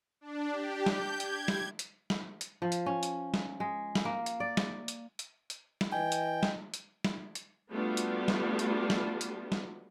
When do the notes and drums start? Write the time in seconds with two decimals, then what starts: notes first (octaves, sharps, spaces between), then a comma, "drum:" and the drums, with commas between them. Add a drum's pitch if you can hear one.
0.21 D4
0.52 G4
0.86 G6, drum: snare
1.20 G#6, drum: hi-hat
1.48 drum: snare
1.79 drum: hi-hat
2.10 drum: snare
2.41 drum: hi-hat
2.62 F3
2.72 drum: hi-hat
2.86 C#4
3.03 drum: hi-hat
3.34 drum: snare
3.60 G#3
3.95 drum: snare
4.05 A#3
4.26 drum: hi-hat
4.40 D5
4.57 drum: snare
4.88 drum: hi-hat
5.19 drum: hi-hat
5.50 drum: hi-hat
5.81 drum: snare
5.92 E3 D#5 G5 G#5
6.12 drum: hi-hat
6.43 drum: snare
6.74 drum: hi-hat
7.04 drum: snare
7.35 drum: hi-hat
7.71 G3 A3 B3 D4 F4 F#4
7.97 drum: hi-hat
8.28 drum: snare
8.59 drum: hi-hat
8.90 drum: snare
9.21 drum: hi-hat
9.52 drum: snare